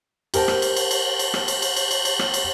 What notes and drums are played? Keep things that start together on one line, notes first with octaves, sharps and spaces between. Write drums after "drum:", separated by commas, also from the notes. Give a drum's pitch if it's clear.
G4 A#4 C5 A5, drum: cymbal
drum: rim click
drum: cymbal
drum: cymbal
drum: cymbal
drum: cymbal
drum: rim click
drum: cymbal
drum: cymbal
drum: cymbal
drum: cymbal
drum: cymbal
drum: rim click
drum: cymbal